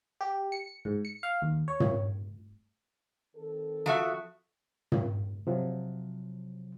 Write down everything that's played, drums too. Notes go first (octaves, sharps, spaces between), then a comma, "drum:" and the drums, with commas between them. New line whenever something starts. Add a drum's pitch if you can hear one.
G4
C#7
G#2
C#7
F5
D#2
C#5
drum: tom
D#3 C4 A4
F3 F#4 E5
drum: tom
C3 F3 F#3